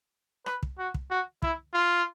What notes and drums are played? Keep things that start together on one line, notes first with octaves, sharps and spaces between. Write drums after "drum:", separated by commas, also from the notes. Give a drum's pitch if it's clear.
B4, drum: rim click
drum: kick
F#4
drum: kick
F#4
E4, drum: kick
F4